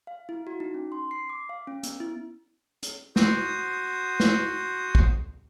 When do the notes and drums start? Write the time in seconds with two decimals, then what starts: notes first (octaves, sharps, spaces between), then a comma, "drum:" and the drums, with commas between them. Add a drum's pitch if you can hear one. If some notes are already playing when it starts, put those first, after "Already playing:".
0.07 F5
0.29 E4
0.47 F#4
0.60 D#4
0.74 C#4
0.92 C6
1.11 C7
1.30 D6
1.49 F5
1.67 C#4
1.83 B3, drum: hi-hat
2.00 E4
2.83 drum: hi-hat
3.16 F#4 C5 D#6, drum: snare
4.20 drum: snare
4.95 drum: kick